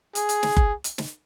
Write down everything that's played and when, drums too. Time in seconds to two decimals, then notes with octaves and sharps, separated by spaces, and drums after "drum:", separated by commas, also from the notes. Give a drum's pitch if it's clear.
0.15 G#4, drum: hi-hat
0.29 drum: hi-hat
0.43 drum: snare
0.57 drum: kick F#1
0.84 drum: hi-hat
0.98 drum: snare